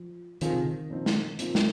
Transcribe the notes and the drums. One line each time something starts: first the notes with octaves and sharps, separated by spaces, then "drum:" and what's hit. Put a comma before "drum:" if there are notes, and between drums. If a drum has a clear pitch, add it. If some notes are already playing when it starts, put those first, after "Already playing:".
Already playing: F3
D#3 F3 C4 F4 G#4, drum: hi-hat
C3
D#3
A#2 F3 C4 D#4
drum: snare
A#2 F3 C4 D#4, drum: hi-hat
drum: snare